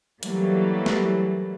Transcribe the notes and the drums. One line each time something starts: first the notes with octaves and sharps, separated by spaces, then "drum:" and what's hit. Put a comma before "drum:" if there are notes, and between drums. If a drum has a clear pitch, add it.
E3 F#3 G3 A3 A#3, drum: hi-hat
drum: snare